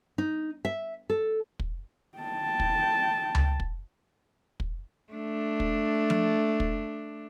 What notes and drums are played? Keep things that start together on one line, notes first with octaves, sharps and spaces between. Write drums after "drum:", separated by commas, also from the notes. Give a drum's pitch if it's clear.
D#4
E5
A4
drum: kick
G5 A5
drum: kick
drum: tom C#2
drum: kick
drum: kick
A3 D4
drum: kick
drum: tom F3
drum: kick